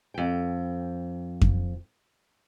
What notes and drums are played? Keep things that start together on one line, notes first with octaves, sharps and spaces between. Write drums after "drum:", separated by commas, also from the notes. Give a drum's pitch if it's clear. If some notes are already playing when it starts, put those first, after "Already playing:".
F2 G5
drum: kick F2